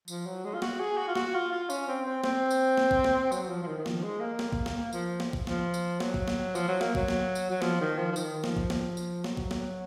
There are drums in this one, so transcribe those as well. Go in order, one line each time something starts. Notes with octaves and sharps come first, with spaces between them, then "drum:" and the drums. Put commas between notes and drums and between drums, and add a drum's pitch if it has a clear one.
F3, drum: tambourine
F#3
G#3
F4
F#4, drum: snare
G#4
F#4
F4
F#4, drum: snare
F4
F4
C#4, drum: tambourine
C4
C4
C4, drum: snare
drum: tambourine
drum: snare
drum: kick
drum: snare
F#3, drum: tambourine
F3
F3
D#3
D#3
F3, drum: snare
G#3
A#3
drum: snare
drum: kick
drum: snare
F3, drum: tambourine
drum: snare
drum: kick
F3, drum: snare
drum: tambourine
F#3, drum: snare
drum: kick
drum: snare
F3, drum: tambourine
F#3
A#3, drum: snare
F#3, drum: kick
drum: snare
drum: tambourine
F#3
F3, drum: snare
D#3
F3
F3
D#3, drum: tambourine
F3, drum: snare
drum: kick
drum: snare
drum: tambourine
F#3, drum: snare
drum: kick
drum: snare